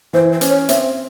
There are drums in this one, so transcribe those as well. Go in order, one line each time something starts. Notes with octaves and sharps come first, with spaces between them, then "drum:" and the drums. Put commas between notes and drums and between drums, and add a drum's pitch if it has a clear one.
E3 C5
C5
C#4, drum: hi-hat
C#5
C4 E5, drum: hi-hat